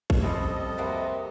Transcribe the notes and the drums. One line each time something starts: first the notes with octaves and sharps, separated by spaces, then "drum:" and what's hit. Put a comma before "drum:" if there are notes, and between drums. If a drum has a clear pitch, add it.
drum: kick
F2 G3 C4 C#4 E4 A4 D#5
C3 A#3 F#4 B4